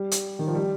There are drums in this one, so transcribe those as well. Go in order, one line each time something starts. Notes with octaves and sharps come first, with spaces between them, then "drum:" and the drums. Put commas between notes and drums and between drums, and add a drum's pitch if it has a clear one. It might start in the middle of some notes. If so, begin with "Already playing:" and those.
Already playing: G3
drum: hi-hat
D#3
F3
G3